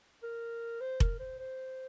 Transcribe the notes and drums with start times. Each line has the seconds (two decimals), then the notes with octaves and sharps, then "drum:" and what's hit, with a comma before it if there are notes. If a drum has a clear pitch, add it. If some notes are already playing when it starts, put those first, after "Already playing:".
0.23 A#4
0.80 C5
1.00 A#4, drum: kick F1
1.19 C5
1.39 C5